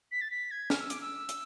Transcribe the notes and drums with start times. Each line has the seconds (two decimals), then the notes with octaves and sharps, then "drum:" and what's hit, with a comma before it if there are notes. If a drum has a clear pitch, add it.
0.12 B6
0.21 A6
0.31 B6
0.51 G#6
0.70 F6, drum: snare
0.81 E6
0.90 D6, drum: hi-hat
1.01 E6
1.29 drum: hi-hat